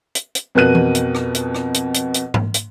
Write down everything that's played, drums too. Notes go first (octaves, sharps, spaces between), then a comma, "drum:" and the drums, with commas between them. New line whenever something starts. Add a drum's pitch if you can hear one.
drum: hi-hat
drum: hi-hat
F2 B2 A#4 F#6 D#7
drum: tom E3
drum: hi-hat
drum: rim click
drum: hi-hat
drum: rim click
drum: hi-hat
drum: hi-hat
drum: hi-hat
drum: tom G#2
drum: hi-hat